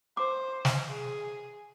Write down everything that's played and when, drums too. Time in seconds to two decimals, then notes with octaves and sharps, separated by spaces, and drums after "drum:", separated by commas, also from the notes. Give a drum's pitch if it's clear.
0.17 C5 D6
0.65 drum: snare
0.89 G#4